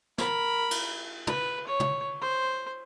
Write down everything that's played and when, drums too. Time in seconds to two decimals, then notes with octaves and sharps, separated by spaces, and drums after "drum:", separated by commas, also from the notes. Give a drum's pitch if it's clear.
0.18 A#4 B5, drum: snare
0.71 drum: cymbal
1.27 B4, drum: tom
1.67 C#5
1.80 drum: tom
2.22 C5